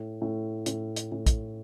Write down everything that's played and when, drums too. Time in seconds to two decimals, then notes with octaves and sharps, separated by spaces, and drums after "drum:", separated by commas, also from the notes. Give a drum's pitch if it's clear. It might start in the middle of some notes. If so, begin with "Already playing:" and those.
Already playing: A2
0.22 A2
0.66 A2, drum: hi-hat
0.96 drum: hi-hat
1.12 A2
1.26 drum: kick, hi-hat